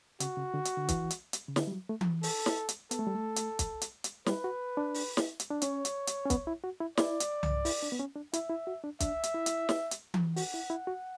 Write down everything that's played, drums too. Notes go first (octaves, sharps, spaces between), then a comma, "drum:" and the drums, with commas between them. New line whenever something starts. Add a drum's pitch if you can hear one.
C#3 F#4, drum: hi-hat
C#3
D3
drum: hi-hat
D3
E3, drum: kick, hi-hat
drum: hi-hat
drum: hi-hat
C#3
D3, drum: snare
G3
F#3
A3
drum: tom E3
A4, drum: open hi-hat
drum: snare
drum: hi-hat
B3 A4, drum: hi-hat
A3
G3
A3
drum: hi-hat
drum: kick, hi-hat
drum: hi-hat
drum: hi-hat
G3 B4, drum: snare
F#4
D4
drum: open hi-hat
drum: snare
drum: hi-hat
D4
C#4 C#5, drum: hi-hat
drum: hi-hat
drum: hi-hat
C#4
B3, drum: kick, hi-hat
E4
F#4
E4
E4 D5, drum: snare
drum: hi-hat
drum: tom C2
E4, drum: open hi-hat
D4
B3
C#4
D4
E4 E5, drum: hi-hat
E4
F#4
D4
D4 E5, drum: kick, hi-hat
drum: hi-hat
E4
drum: hi-hat
drum: snare
drum: hi-hat
drum: tom E3
F#4 F#5, drum: open hi-hat
E4
E4
F#4